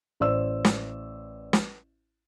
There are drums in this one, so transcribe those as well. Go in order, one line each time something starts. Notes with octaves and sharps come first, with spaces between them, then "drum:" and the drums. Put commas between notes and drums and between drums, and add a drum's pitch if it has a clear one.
A1 C5 D5 E6
drum: snare
drum: snare